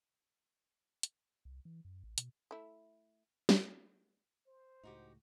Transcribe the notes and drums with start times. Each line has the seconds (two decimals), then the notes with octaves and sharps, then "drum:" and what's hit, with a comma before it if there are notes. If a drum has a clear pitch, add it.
1.03 drum: hi-hat
1.45 C2
1.65 E3
1.85 F#2
2.04 A1
2.18 B2, drum: hi-hat
2.51 A3 E4
3.49 drum: snare
4.47 C5
4.83 C#2 A2 D#4 F#4 G4